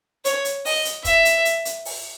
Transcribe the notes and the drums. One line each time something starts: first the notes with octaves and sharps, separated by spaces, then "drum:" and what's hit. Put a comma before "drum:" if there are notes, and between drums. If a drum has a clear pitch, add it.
C#5, drum: hi-hat
drum: hi-hat
D#5, drum: open hi-hat
drum: hi-hat
E5, drum: kick, hi-hat
drum: hi-hat
drum: hi-hat
drum: hi-hat
drum: open hi-hat